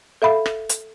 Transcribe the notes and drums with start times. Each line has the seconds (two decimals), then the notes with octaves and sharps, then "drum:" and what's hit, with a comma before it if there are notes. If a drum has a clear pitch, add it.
0.22 A4 E5 F5 B5
0.46 drum: rim click
0.69 drum: hi-hat